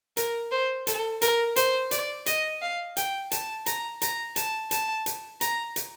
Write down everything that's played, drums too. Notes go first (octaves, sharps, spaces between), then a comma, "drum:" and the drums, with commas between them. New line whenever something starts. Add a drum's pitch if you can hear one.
A#4, drum: hi-hat
C5
A4, drum: hi-hat
A#4, drum: hi-hat
C5, drum: hi-hat
D5, drum: hi-hat
D#5, drum: hi-hat
F5
G5, drum: hi-hat
A5, drum: hi-hat
A#5, drum: hi-hat
A#5, drum: hi-hat
A5, drum: hi-hat
A5, drum: hi-hat
drum: hi-hat
A#5, drum: hi-hat
drum: hi-hat